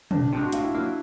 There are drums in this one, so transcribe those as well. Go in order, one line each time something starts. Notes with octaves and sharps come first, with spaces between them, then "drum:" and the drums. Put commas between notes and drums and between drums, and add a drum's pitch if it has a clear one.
F2 D4, drum: tom
D4
C3 F3 G#3 D4
F#4
A2 F4, drum: hi-hat
E4
F#3 A#3 E4